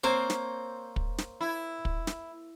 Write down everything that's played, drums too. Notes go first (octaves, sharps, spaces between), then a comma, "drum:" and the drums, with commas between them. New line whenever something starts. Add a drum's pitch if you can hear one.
A#3 C4 C5 C#5
drum: snare
drum: kick
drum: snare
E4
drum: kick
drum: snare